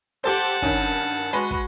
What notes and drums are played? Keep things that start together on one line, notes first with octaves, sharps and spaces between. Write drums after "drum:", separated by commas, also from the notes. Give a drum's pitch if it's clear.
G4 A4 C5 F#5 A5
drum: hi-hat
G2 D#3 C#4, drum: kick, hi-hat
drum: hi-hat
drum: hi-hat
G#3 F#4 B4
drum: kick, hi-hat